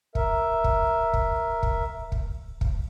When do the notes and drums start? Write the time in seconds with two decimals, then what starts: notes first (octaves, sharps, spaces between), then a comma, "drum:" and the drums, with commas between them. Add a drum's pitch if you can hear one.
0.15 A#4 E5, drum: kick
0.64 drum: kick
1.14 drum: kick
1.63 drum: kick
2.12 drum: kick
2.61 drum: kick